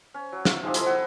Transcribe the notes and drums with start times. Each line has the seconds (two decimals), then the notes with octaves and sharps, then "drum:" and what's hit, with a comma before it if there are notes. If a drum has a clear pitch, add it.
0.14 C#4
0.32 F#3
0.45 F4 E5, drum: snare
0.63 F3 G#3 C4 G4
0.74 E4 G#4 A4 D#5, drum: hi-hat
0.86 F#5